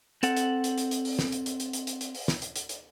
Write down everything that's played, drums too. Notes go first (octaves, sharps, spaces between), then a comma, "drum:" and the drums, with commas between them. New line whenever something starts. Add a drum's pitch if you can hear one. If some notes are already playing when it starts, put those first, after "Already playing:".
C4 A4 F#5, drum: hi-hat
drum: hi-hat
drum: hi-hat
drum: hi-hat
drum: hi-hat
drum: open hi-hat
drum: snare
drum: hi-hat
drum: hi-hat
drum: hi-hat
drum: hi-hat
drum: hi-hat
drum: hi-hat
drum: open hi-hat
drum: snare
drum: hi-hat
drum: hi-hat
drum: hi-hat